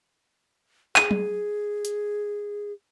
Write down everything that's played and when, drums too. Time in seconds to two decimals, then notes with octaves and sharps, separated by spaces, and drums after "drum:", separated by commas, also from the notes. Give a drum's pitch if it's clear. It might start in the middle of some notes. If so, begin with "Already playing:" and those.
0.96 G#4 D#7, drum: clap
1.11 drum: tom F#3
1.85 drum: hi-hat